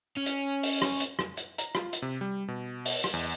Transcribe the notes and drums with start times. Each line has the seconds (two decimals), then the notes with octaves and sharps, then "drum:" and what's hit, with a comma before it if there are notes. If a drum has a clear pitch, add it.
0.17 C#4
0.26 drum: hi-hat
0.63 drum: open hi-hat
0.82 drum: rim click
1.00 drum: hi-hat
1.19 drum: rim click
1.37 drum: hi-hat
1.58 A#5, drum: hi-hat
1.75 F4, drum: rim click
1.93 drum: hi-hat
2.02 C3
2.21 G3
2.48 B2
2.85 drum: open hi-hat
3.04 drum: rim click
3.13 E2